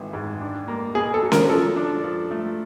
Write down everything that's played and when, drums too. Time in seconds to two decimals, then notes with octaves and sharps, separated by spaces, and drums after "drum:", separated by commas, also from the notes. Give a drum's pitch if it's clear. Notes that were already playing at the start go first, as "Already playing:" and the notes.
Already playing: G#1 E3
0.13 G#2
0.41 D4
0.68 A#3
0.95 B2 G#4
1.14 A4
1.22 F#3
1.32 A#4, drum: snare C#4
1.49 F3 A4
1.77 D4
2.04 F3
2.31 A3